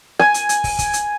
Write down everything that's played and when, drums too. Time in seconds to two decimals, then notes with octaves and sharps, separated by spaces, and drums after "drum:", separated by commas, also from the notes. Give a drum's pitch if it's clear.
0.19 G#5, drum: snare
0.34 drum: hi-hat
0.49 drum: hi-hat
0.64 drum: kick, open hi-hat
0.79 drum: kick, hi-hat
0.93 drum: hi-hat